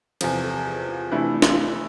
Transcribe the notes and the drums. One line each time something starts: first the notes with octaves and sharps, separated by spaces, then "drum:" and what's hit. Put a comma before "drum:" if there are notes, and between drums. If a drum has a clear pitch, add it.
E2 C3 F3 A4, drum: cymbal
A4
G#4
F4
C3 E3 A3 D4 E4
drum: snare